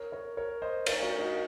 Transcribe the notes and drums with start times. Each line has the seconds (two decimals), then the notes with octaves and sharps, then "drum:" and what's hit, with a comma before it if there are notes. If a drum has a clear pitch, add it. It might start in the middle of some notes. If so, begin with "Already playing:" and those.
Already playing: A#4 C#5
0.12 A#4 C#5
0.37 A#4 C#5
0.62 C5 D#5
0.86 A#4 C#5, drum: cymbal
1.02 F#4 A#4
1.19 D#4 F#4